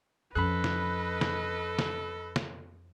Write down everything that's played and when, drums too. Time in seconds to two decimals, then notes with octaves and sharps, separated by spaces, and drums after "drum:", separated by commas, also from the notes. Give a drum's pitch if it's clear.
0.35 F2 C#4 A4 B4 D#5 B5 F#6
0.64 drum: snare
1.21 drum: snare
1.79 drum: snare
2.36 drum: snare